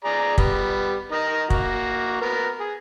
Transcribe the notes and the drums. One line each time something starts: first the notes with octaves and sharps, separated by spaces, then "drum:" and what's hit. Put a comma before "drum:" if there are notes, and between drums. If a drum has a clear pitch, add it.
G#4 D5 A#5
G3 B3, drum: kick
D#4 A#4
A#3 F#4, drum: kick
B3 A#4
G#4